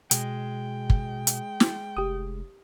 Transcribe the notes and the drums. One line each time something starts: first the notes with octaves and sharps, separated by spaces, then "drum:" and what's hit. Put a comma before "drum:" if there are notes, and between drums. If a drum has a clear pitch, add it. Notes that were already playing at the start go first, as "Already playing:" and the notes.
B2 G#3 G5, drum: hi-hat
drum: kick
drum: hi-hat
drum: snare
F1 G4 D#6